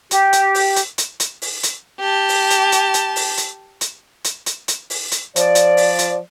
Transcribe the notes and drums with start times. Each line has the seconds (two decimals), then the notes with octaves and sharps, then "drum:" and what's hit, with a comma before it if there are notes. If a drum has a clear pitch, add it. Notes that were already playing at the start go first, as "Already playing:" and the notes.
0.11 G4, drum: hi-hat
0.33 drum: hi-hat
0.55 drum: open hi-hat
0.76 drum: hi-hat
0.98 drum: hi-hat
1.20 drum: hi-hat
1.42 drum: open hi-hat
1.63 drum: hi-hat
2.00 G4 A5
2.29 drum: open hi-hat
2.50 drum: hi-hat
2.72 drum: hi-hat
2.94 drum: hi-hat
3.16 drum: open hi-hat
3.38 drum: hi-hat
3.81 drum: hi-hat
4.25 drum: hi-hat
4.46 drum: hi-hat
4.68 drum: hi-hat
4.90 drum: open hi-hat
5.12 drum: hi-hat
5.36 F3 D5, drum: hi-hat
5.55 drum: hi-hat
5.77 drum: open hi-hat
5.99 drum: hi-hat